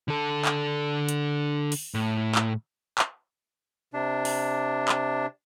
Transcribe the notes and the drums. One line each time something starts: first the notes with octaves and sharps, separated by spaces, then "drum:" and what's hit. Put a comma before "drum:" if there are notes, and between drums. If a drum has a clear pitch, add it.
D3 A4
drum: clap
drum: hi-hat
drum: open hi-hat
A2
drum: clap
drum: clap
C3 D4
drum: open hi-hat
drum: clap